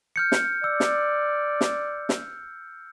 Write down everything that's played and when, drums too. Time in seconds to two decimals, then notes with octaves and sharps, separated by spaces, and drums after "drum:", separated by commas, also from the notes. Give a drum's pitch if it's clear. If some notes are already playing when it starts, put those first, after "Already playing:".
0.16 F6 G6 C#7
0.32 drum: snare
0.64 D5 E6
0.80 drum: snare
1.61 drum: snare
2.09 drum: snare